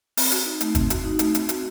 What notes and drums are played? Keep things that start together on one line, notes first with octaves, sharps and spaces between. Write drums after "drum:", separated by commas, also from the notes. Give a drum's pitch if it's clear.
C4, drum: open hi-hat
F#4, drum: hi-hat
D#4
A3, drum: hi-hat
C4, drum: kick, hi-hat
F#4, drum: hi-hat
D#4
A3, drum: hi-hat
C4, drum: hi-hat
F#4, drum: hi-hat